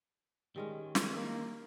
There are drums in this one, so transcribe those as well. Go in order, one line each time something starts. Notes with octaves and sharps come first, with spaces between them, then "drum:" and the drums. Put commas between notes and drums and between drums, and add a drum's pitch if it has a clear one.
D#3 G3 G#3 C#4
drum: snare
A#3